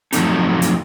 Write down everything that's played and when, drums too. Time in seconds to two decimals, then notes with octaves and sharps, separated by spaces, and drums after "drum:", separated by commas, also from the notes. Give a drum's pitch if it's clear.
0.13 F3 F#3 A3 C4 D#4, drum: hi-hat
0.62 drum: hi-hat